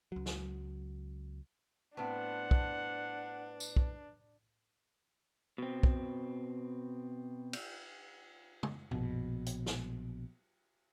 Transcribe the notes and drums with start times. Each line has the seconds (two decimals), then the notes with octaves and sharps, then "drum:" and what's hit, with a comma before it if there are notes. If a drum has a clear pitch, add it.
0.12 C#2 F#3
0.26 drum: snare
1.97 A2 B3 C4 D4 B4 F#5
2.51 drum: kick
3.60 drum: tambourine
3.76 drum: kick
5.58 B2 C4
5.83 drum: kick
7.53 drum: cymbal
8.63 drum: tom
8.91 A#1 B2, drum: tom F#2
9.46 drum: hi-hat
9.66 drum: snare